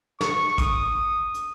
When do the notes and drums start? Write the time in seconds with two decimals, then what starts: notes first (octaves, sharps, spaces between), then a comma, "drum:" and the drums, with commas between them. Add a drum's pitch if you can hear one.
0.21 C#6, drum: snare
0.58 D#6, drum: kick, hi-hat
1.34 drum: hi-hat